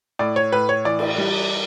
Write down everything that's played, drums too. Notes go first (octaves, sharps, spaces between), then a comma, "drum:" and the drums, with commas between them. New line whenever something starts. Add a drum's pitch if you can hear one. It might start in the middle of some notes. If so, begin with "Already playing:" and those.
A2 D5
C#5
A2 B4
C#5
E3 D5
drum: cymbal
G3